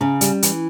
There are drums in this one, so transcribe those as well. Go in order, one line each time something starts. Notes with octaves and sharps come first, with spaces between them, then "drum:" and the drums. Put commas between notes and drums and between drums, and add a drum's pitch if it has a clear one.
C#3 C#4
G3, drum: hi-hat
E3, drum: hi-hat